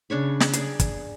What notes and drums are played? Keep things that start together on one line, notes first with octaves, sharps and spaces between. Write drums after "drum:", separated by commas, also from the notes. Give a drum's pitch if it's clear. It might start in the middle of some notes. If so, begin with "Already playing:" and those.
C#3 D4 C#5 B5
drum: snare
G#4 D5, drum: hi-hat
drum: kick, hi-hat